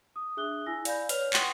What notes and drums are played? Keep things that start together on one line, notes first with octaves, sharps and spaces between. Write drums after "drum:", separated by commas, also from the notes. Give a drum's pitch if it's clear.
D#6
D4 G#4 E5 D#6 F#6 G7
E4 G#5 E6 A#6
D5 F5 G#5 B5 G6, drum: hi-hat
B4 C#5 F6 F7, drum: hi-hat
F#5 G5 C6 C#6 D#6, drum: clap